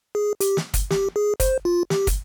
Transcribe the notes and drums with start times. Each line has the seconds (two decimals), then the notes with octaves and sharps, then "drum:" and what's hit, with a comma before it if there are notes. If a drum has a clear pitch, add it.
0.15 G#4
0.40 G4, drum: hi-hat
0.57 drum: snare
0.74 drum: kick, hi-hat
0.91 G4, drum: snare
1.16 G#4
1.40 C5, drum: kick, hi-hat
1.65 F4
1.90 G4, drum: snare
2.07 drum: kick, hi-hat